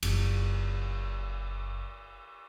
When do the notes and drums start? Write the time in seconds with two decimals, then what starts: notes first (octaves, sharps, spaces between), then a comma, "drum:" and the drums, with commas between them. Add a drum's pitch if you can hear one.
0.03 F#1 E4, drum: cymbal